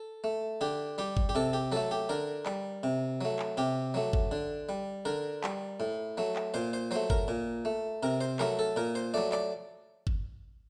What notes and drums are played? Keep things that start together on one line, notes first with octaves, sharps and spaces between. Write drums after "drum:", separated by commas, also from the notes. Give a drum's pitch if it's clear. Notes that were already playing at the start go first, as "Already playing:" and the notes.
Already playing: A4
A3
D3 G4
G3 G4
drum: kick G1
G4
C3 A4
G4
F#3 A3 A4
G4
D3 A#4
G3, drum: clap
C3
F#3 A3
drum: clap
C3 G4
F#3 A3
drum: kick G1
D3
G3
D3 A#4
G3, drum: clap
A2
F#3 A3
drum: clap
A#2 C5
C5
F#3 A3 C5
A#4, drum: kick G1
A#2
A3
C3 A#4
C5
F#3 A3 A#4, drum: clap
A4
A#2 A#4
C5
F#3 A3 D5
D5, drum: clap
drum: kick G1